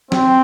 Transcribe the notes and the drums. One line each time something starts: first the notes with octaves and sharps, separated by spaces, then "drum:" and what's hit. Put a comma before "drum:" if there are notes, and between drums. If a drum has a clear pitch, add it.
C4, drum: snare